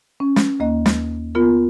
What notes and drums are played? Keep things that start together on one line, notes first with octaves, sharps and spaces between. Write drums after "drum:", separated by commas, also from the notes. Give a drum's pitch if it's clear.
C#4
drum: snare
D#2 A#3 D#5
drum: snare
B3 F4 A#4